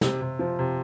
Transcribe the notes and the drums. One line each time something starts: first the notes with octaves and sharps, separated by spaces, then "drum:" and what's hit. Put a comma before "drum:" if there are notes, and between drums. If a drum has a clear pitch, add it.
C3, drum: snare
C3
F3
C3